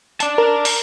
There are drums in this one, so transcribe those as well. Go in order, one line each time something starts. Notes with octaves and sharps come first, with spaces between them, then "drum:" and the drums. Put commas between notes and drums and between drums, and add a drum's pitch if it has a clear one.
D5 A5, drum: hi-hat
A#4
drum: open hi-hat